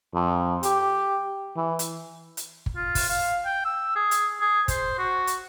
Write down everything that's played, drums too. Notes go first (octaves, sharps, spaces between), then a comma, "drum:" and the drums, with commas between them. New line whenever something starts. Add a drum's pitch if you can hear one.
F2
G4, drum: hi-hat
E3
drum: hi-hat
drum: hi-hat
drum: kick G1
F4
drum: kick G1, open hi-hat
F5
G5
E6
G#4
drum: hi-hat
G#4
C5, drum: kick G1, hi-hat
F#4
drum: hi-hat